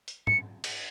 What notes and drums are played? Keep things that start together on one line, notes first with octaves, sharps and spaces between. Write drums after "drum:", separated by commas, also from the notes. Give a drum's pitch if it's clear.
drum: hi-hat
C#7, drum: tom
drum: cymbal